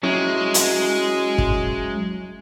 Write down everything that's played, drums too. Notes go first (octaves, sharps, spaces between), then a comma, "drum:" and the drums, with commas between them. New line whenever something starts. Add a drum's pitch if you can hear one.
F#3 G#3 C#4 E4
drum: hi-hat
drum: kick